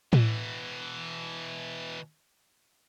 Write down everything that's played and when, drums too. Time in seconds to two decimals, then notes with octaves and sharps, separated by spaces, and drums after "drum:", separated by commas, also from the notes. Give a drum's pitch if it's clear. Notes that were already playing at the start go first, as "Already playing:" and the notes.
0.13 B2 E3, drum: tom A2